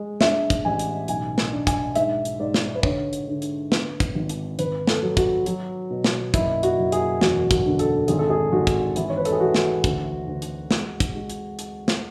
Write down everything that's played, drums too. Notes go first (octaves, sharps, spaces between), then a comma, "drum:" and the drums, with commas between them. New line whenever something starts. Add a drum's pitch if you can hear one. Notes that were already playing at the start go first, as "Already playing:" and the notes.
Already playing: G#3
D4 E5, drum: snare
drum: kick, hi-hat
A1 G#5
drum: hi-hat
B1 G#5, drum: hi-hat
drum: snare
D4
G#5, drum: kick, hi-hat
G#2 E5, drum: hi-hat
drum: hi-hat
G#2 D5
drum: snare
B4
D3 C#5, drum: kick
drum: hi-hat
D3
drum: hi-hat
B3, drum: snare
drum: kick, hi-hat
G#1
drum: hi-hat
G#1 B4, drum: hi-hat
A4, drum: snare
F#3
F#4, drum: kick, hi-hat
F#3, drum: hi-hat
B2
drum: snare
F#1 E4, drum: kick, hi-hat
F#4, drum: hi-hat
F#1
G#4, drum: hi-hat
E1 F#4, drum: snare
F#4, drum: kick, hi-hat
D3
A4, drum: hi-hat
G#1 G#4, drum: hi-hat
A4
G#4
G#1 F#4
drum: kick, hi-hat
E3 E4, drum: hi-hat
C#5
B4
A4, drum: hi-hat
G#4
E3 F#4
drum: snare
D2, drum: kick, hi-hat
D2
drum: hi-hat
G#3, drum: snare
drum: kick, hi-hat
G#3
drum: hi-hat
drum: hi-hat
drum: snare